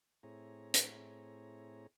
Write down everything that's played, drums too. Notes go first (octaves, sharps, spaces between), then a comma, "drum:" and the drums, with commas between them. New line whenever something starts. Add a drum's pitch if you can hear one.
A2 C4 E4 G#4 C#5 A#5
drum: hi-hat